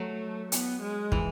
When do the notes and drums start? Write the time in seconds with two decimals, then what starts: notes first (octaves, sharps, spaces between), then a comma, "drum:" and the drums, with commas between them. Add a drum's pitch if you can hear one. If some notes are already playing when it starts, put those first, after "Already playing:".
Already playing: F#3 A3
0.52 B3, drum: hi-hat
0.82 G#3
1.12 E3, drum: kick